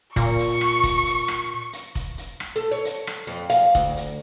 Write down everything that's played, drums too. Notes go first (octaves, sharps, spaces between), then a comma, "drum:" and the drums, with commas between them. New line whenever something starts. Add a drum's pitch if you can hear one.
A#2 C#6, drum: kick F1, hi-hat
drum: hi-hat
drum: rim click
drum: kick F1, hi-hat
drum: hi-hat
drum: rim click
drum: hi-hat
drum: kick F1, hi-hat
drum: hi-hat
drum: rim click
A4
C#5
drum: hi-hat
drum: rim click
F2
F5, drum: hi-hat
D2, drum: kick F1, hi-hat
drum: hi-hat